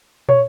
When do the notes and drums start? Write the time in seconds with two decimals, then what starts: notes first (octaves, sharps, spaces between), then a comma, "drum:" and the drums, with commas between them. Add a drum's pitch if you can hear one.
0.29 C#5, drum: tom